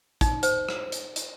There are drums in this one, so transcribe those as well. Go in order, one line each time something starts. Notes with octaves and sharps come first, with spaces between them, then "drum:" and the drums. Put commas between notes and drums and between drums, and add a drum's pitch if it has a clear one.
D#4, drum: kick, hi-hat
C5, drum: hi-hat
drum: rim click
drum: hi-hat
drum: hi-hat